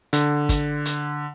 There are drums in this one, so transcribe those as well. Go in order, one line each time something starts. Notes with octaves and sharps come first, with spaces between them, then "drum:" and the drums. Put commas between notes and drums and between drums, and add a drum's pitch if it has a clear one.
D3, drum: hi-hat
drum: kick, hi-hat
drum: hi-hat